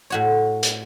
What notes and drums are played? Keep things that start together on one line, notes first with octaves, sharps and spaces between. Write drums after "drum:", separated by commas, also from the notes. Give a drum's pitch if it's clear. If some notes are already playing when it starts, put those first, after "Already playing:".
A2 F#4 C#5
drum: hi-hat